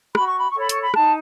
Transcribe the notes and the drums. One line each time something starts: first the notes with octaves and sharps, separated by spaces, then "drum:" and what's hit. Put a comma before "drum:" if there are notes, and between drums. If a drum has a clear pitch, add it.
F#4 B5, drum: rim click
C#6
B5
C#6
A4 C#5 B5
C#6, drum: hi-hat
B5
D#4 A5, drum: rim click